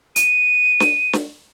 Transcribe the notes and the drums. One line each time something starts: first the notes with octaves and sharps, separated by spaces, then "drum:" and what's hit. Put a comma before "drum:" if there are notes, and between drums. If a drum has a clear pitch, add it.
D#7, drum: hi-hat
drum: snare
drum: snare